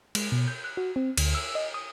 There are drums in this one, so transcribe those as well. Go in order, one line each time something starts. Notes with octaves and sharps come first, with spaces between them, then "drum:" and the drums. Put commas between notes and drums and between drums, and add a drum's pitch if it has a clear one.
G#3, drum: cymbal
B2
G6
F#6
F#4
C4
D2, drum: cymbal
E6
D#5
D#6